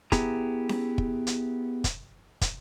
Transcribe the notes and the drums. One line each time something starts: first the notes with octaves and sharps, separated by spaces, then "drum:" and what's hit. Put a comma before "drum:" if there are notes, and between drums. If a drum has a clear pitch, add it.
B3 E4 G4 G#4 A#5, drum: kick, hi-hat
drum: snare C#4
drum: kick
drum: hi-hat
drum: kick, hi-hat
drum: kick, hi-hat